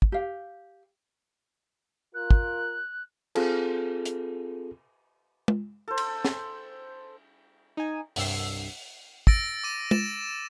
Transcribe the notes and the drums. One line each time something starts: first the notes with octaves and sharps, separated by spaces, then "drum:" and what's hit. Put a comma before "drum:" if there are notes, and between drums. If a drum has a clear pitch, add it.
drum: kick
G4 F5
F4 A#4 F#6
drum: kick
C4 F4 G#4 A4, drum: cymbal
drum: hi-hat
drum: tom G#3
A4 C5
drum: cymbal
drum: snare
D#4 G#5
C2 G2 E6 C7, drum: open hi-hat
E6 A6 A#6 D7, drum: kick
D6 D#7
A6 E7, drum: tom G#3